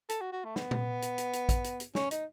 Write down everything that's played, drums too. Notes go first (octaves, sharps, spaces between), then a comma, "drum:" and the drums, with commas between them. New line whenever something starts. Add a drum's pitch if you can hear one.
A4, drum: hi-hat
F#4
F#4
A3
B3, drum: snare
drum: tom A#2
drum: hi-hat
drum: hi-hat
drum: hi-hat
drum: kick, hi-hat
drum: hi-hat
drum: hi-hat
C#4, drum: snare
D#4, drum: hi-hat